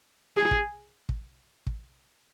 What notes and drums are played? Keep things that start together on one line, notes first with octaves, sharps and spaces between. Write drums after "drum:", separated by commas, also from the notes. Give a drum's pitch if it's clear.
G#4
drum: kick
drum: kick
drum: kick